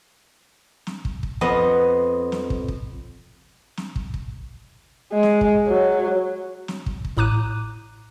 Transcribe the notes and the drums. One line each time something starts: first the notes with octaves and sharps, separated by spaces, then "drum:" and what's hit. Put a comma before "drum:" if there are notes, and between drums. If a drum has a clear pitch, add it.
drum: snare
drum: kick
drum: kick
F2 B3 D#5
drum: snare
drum: kick
drum: kick
drum: snare
drum: kick
drum: kick
G#3
drum: snare
drum: kick
F#3
drum: snare
drum: kick
drum: kick
A1 A2 A#5 D6 F#6 D#7